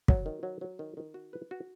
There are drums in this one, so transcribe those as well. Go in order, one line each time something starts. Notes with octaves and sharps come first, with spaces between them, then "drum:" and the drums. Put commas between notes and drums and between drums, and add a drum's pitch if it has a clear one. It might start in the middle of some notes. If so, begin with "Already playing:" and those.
F#3, drum: kick
D#3
F#3
F#3
D#3
D#3
F#4
B4
F#4